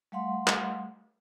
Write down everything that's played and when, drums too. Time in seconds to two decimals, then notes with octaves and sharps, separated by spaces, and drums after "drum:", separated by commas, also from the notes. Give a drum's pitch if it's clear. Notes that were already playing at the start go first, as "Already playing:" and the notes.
0.12 G3 A3 F5 F#5 C6
0.47 drum: clap